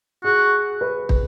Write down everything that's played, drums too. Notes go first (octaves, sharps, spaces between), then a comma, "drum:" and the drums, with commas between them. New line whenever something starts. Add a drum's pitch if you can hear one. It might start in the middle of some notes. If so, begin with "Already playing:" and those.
F#4 G#4
B4
drum: kick